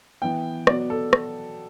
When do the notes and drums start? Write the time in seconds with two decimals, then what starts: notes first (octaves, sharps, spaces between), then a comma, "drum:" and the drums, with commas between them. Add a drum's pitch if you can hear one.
0.22 E3 B3 G5
0.67 B2 F#3 B3 D5, drum: rim click
0.90 A4
1.13 drum: rim click